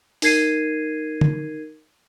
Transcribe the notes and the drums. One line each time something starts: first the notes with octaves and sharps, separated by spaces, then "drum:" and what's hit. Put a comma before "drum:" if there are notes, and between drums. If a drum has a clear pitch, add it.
D#4 A#4 G#6 C7 D#7, drum: open hi-hat
drum: tom